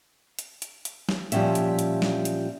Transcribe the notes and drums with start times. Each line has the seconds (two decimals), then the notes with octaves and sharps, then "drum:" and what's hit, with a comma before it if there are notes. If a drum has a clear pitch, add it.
0.39 drum: hi-hat
0.62 drum: hi-hat
0.85 drum: hi-hat
1.09 drum: snare
1.32 A#2 F3 G3 C4 C#4 E5, drum: hi-hat
1.55 drum: hi-hat
1.79 drum: hi-hat
2.02 drum: snare
2.25 drum: hi-hat